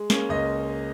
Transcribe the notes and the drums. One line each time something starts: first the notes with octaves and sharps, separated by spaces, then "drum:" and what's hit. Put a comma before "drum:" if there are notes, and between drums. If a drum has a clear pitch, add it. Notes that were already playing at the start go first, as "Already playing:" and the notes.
Already playing: G#3
A#3 C#4, drum: snare
C#2 D#5